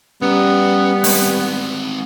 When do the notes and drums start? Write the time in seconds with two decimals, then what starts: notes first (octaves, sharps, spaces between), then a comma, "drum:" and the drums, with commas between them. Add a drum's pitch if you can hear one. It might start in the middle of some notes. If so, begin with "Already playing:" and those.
0.22 G3 B3 C#4 A#5
1.04 G#3 C4, drum: open hi-hat